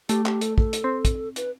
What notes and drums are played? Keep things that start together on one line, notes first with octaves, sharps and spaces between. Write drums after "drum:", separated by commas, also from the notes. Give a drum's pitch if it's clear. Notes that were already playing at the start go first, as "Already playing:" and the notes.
A3 G4, drum: hi-hat
G4, drum: clap
A4, drum: hi-hat
A4, drum: kick
drum: hi-hat
C4
drum: kick, hi-hat
B4, drum: hi-hat